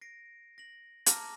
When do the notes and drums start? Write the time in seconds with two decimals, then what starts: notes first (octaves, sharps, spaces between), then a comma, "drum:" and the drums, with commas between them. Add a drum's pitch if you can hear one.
0.01 A#6 C7 D7
0.58 A#6 F#7
1.06 A5 A#5 D6 F6 A#6, drum: hi-hat